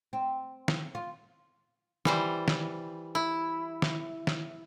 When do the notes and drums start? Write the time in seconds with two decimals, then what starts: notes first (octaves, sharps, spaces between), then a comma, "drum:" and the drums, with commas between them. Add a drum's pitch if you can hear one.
0.13 C4
0.68 drum: snare
0.95 F4
2.05 E3 G3 C5, drum: snare
2.48 drum: snare
3.15 E4
3.82 drum: snare
4.27 drum: snare